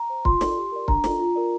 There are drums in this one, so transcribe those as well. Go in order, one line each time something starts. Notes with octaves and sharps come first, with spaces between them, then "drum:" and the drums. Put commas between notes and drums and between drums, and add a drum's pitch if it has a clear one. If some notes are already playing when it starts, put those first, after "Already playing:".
Already playing: A#5
C5
F4 C6, drum: kick
A4 D5, drum: snare
G4
A#4 D5
D4 A#5, drum: kick
F4 A4 D5, drum: snare
F4
A#4 D5